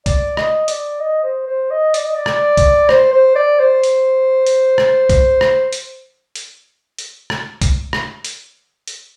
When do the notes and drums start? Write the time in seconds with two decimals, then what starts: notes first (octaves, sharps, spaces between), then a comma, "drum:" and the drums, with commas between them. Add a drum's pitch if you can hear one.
0.06 D5, drum: kick B1, hi-hat
0.37 D#5, drum: rim click
0.68 D5, drum: hi-hat
1.00 D#5
1.23 C5
1.47 C5
1.70 D#5
1.94 D5, drum: hi-hat
2.04 D#5
2.15 D5
2.26 drum: rim click
2.57 drum: kick B1, hi-hat
2.89 C5, drum: rim click
3.13 C5
3.36 D5
3.60 C5
3.83 drum: hi-hat
4.46 drum: hi-hat
4.78 drum: rim click
5.09 drum: kick B1, hi-hat
5.41 drum: rim click
5.72 drum: hi-hat
6.35 drum: hi-hat
6.98 drum: hi-hat
7.30 drum: rim click
7.62 drum: kick B1, hi-hat
7.93 drum: rim click
8.25 drum: hi-hat
8.88 drum: hi-hat